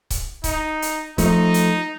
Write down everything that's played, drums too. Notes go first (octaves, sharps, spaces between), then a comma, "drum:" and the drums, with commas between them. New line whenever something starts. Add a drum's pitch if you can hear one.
drum: kick C#1, hi-hat
D#4, drum: kick C#1, hi-hat
drum: hi-hat
F3 A3 D#4, drum: kick C#1, hi-hat
drum: hi-hat